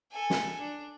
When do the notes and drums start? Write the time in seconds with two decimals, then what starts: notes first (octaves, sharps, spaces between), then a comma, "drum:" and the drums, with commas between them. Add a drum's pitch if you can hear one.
0.11 A4 G#5
0.30 drum: snare
0.60 D4